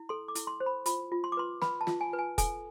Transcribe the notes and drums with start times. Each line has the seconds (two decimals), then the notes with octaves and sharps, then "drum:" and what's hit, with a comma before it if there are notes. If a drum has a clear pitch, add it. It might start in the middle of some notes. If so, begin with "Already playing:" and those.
Already playing: E4
0.09 A4 C6
0.28 D6
0.35 E4, drum: hi-hat
0.47 C6
0.60 C5
0.66 B5
0.86 F4 B5, drum: hi-hat
1.12 F4
1.24 C6
1.32 D6
1.37 B4 C6
1.62 B4 B5, drum: snare
1.81 A5
1.87 F4, drum: snare
2.01 G#5
2.13 B4
2.19 G#5
2.38 A4 G#5, drum: kick, hi-hat